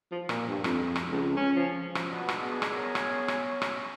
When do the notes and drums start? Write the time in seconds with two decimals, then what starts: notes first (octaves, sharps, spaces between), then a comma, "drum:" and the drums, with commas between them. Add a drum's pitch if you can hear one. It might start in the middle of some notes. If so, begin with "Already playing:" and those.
0.12 F3
0.29 A#2, drum: rim click
0.48 G2
0.64 F2, drum: rim click
0.96 drum: rim click
1.11 C#2
1.37 C#4
1.56 F3
1.95 drum: rim click
2.07 B2 B3 D4
2.29 drum: rim click
2.40 B3 G#4
2.62 drum: rim click
2.71 B3 A#4 C#5
2.95 drum: rim click
3.09 C#4
3.28 drum: rim click
3.44 C#4
3.62 drum: rim click